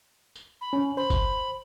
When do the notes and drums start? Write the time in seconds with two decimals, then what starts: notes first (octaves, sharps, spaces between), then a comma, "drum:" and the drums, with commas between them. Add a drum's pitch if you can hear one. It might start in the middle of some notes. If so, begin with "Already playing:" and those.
0.35 drum: tambourine
0.61 B5
0.73 C#4
0.97 C5 B5
1.10 drum: kick F#1, tambourine